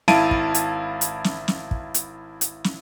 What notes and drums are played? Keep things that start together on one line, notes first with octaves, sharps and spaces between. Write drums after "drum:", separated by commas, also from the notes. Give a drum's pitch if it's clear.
G#1 E4 F5 A5 D7 D#7, drum: snare
drum: kick
drum: hi-hat
drum: hi-hat
drum: snare
drum: snare
drum: kick
drum: hi-hat
drum: hi-hat
drum: snare